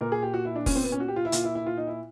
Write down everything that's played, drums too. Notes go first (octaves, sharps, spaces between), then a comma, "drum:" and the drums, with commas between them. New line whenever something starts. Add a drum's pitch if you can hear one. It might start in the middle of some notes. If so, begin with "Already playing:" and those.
A#2 A#4
G#4
G4
F#4
E4
D4
A#2 C#4, drum: kick F1, open hi-hat
C4
B3
C#4
F#4
G4
F4
E4
A#2 F4, drum: hi-hat
E4
E4
F4
D#4
E4